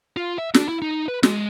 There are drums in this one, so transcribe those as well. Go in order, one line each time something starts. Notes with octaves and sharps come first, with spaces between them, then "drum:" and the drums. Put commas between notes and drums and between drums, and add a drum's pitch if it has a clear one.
F4
E5
D4, drum: snare
E4
D#4
B4
G#3, drum: snare